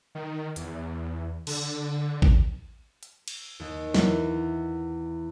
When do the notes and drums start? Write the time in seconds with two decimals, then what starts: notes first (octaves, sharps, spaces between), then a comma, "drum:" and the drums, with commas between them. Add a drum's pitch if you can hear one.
0.15 D#3
0.56 E2, drum: hi-hat
1.47 D3, drum: cymbal
2.22 drum: kick A1
3.03 drum: hi-hat
3.28 drum: cymbal
3.60 D#2
3.94 E2, drum: snare